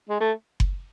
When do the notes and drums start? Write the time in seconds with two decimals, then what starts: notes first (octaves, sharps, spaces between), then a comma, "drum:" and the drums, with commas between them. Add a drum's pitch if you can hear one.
0.09 G#3
0.20 A3
0.60 drum: kick F#1